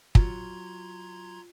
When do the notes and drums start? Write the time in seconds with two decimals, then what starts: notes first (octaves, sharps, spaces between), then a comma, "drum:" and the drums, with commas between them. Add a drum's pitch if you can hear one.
0.15 F#3 F4 A#5 C6 G#6, drum: kick